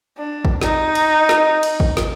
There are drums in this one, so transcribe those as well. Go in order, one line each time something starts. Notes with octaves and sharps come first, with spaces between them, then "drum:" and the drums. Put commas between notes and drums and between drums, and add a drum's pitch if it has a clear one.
D4
drum: kick
D#4, drum: snare
drum: cymbal
drum: snare
drum: cymbal
drum: kick
drum: snare